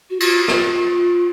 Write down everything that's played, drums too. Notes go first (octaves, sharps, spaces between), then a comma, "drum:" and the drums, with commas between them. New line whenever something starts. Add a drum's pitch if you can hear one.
F#4
F4, drum: cymbal
F4, drum: rim click